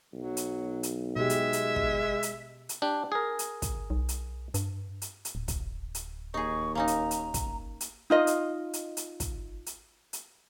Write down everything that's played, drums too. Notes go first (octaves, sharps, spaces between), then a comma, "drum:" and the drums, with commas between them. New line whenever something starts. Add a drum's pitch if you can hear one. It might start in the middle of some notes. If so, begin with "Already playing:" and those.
B1 F#3
drum: hi-hat
drum: hi-hat
B2 G#3 G4 E5
drum: hi-hat
drum: hi-hat
drum: kick
drum: hi-hat
drum: hi-hat
D4 G4
G#4 A#4
drum: hi-hat
drum: kick, hi-hat
B1
drum: hi-hat
G2, drum: hi-hat
drum: hi-hat
drum: hi-hat
D1
drum: kick, hi-hat
drum: hi-hat
D#2 D#4 G#4 C#6
A#3 C#4 D#4 A#5
drum: hi-hat
drum: hi-hat
drum: kick, hi-hat
drum: hi-hat
D#4 F4 D#5
drum: hi-hat
drum: hi-hat
drum: hi-hat
drum: kick, hi-hat
drum: hi-hat
drum: hi-hat